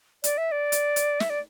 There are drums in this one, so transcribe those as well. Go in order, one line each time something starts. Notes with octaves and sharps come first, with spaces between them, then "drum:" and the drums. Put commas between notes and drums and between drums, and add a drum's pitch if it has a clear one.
D5, drum: hi-hat
E5
D5
drum: hi-hat
drum: hi-hat
E5, drum: snare
D5